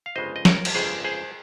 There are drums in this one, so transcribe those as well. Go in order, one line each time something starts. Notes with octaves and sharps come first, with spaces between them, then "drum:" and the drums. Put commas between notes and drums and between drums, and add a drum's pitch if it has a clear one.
F5
G1 F2 C#3 G#3 C5 D#5
D#5
A#4 C#5, drum: snare
drum: cymbal
G1 F2 C#3 G#3 G#4 C5
G#4 C5